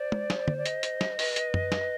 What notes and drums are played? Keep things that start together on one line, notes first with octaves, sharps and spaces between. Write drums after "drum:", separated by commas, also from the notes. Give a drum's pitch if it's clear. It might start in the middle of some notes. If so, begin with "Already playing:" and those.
Already playing: C5 D5
drum: tom
drum: snare
drum: tom
D5
D#5, drum: hi-hat
drum: hi-hat
drum: snare
B4, drum: open hi-hat
drum: hi-hat
drum: tom
drum: snare